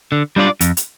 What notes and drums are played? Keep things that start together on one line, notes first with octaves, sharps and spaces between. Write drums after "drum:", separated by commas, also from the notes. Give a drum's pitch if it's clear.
D3
G3 D4 F4 D5
F2, drum: hi-hat
drum: hi-hat